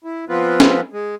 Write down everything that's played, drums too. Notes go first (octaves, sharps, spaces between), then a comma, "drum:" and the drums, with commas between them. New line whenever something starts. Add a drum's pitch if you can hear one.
E4
F3 B3 C4 F4 B4
drum: snare
G#3